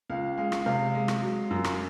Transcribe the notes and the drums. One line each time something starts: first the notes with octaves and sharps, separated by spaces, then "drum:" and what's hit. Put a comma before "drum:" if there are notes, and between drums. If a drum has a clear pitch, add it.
C#2 F5
G#3 F5
drum: rim click
C3 F5
G#3
drum: rim click
F#3
F#2
drum: rim click